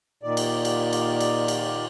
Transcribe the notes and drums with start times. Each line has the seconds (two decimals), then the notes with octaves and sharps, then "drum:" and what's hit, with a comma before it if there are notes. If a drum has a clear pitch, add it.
0.23 A#2 D#3 D5
0.37 drum: cymbal
0.65 drum: cymbal
0.93 drum: cymbal
1.20 drum: cymbal
1.48 drum: cymbal